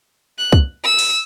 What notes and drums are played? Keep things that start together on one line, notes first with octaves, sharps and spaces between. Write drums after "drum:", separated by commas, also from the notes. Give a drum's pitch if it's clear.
F#6
drum: kick
E6
drum: open hi-hat